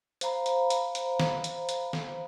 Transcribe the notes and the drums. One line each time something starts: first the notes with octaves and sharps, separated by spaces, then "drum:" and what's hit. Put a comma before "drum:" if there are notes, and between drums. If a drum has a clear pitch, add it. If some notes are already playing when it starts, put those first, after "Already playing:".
C5 F5 A#5 B5, drum: hi-hat
drum: hi-hat
drum: hi-hat
drum: hi-hat
drum: snare
drum: hi-hat
drum: hi-hat
drum: snare